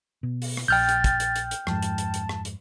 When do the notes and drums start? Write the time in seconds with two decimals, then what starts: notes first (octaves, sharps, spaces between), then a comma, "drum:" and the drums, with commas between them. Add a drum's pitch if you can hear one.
0.23 B2
0.42 drum: open hi-hat
0.57 drum: rim click
0.68 A#1 G5 F6 G6 A6
0.89 drum: hi-hat
1.04 drum: kick, hi-hat
1.20 drum: hi-hat
1.36 drum: hi-hat
1.51 drum: hi-hat
1.67 F2 G#2 A5, drum: rim click
1.82 drum: hi-hat
1.98 drum: hi-hat
2.14 drum: hi-hat
2.29 drum: rim click
2.45 drum: hi-hat